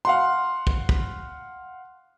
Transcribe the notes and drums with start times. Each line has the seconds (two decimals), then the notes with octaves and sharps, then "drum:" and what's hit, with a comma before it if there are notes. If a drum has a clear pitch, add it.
0.05 F5 F#5 C6
0.67 drum: kick
0.89 drum: kick